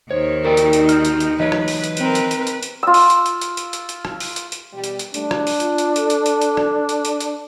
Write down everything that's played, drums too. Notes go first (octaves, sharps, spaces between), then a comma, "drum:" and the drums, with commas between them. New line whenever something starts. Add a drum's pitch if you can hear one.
D#2 D#3 C5 C#5
D#4 F#4 A#4 D5 G5
drum: hi-hat
drum: hi-hat
F6 G6, drum: hi-hat
drum: hi-hat
drum: hi-hat
E3 F#3 B4 C#5 D#5
drum: rim click
drum: open hi-hat
drum: hi-hat
C4 A#4, drum: hi-hat
drum: hi-hat
drum: hi-hat
drum: hi-hat
drum: hi-hat
F4 E6
drum: open hi-hat
drum: hi-hat
drum: hi-hat
drum: hi-hat
drum: hi-hat
drum: hi-hat
drum: hi-hat
drum: rim click
drum: open hi-hat
drum: hi-hat
drum: hi-hat
B2 E3 G3
drum: hi-hat
drum: hi-hat
G3 A3 D4, drum: hi-hat
drum: rim click
drum: open hi-hat
F4, drum: hi-hat
drum: hi-hat
A4, drum: hi-hat
drum: hi-hat
drum: hi-hat
drum: hi-hat
drum: rim click
drum: hi-hat
drum: hi-hat
drum: hi-hat